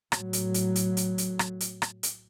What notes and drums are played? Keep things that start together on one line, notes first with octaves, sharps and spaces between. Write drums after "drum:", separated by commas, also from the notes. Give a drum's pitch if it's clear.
A2 F#3, drum: rim click
drum: hi-hat
drum: hi-hat
drum: hi-hat
drum: hi-hat
drum: hi-hat
drum: rim click
drum: hi-hat
drum: rim click
drum: hi-hat